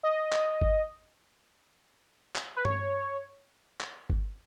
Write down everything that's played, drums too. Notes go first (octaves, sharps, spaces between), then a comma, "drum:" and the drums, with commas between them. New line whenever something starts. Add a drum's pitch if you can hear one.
D#5
drum: clap
drum: kick G1
drum: clap
B4
C#5, drum: tom G2
drum: clap
drum: kick G1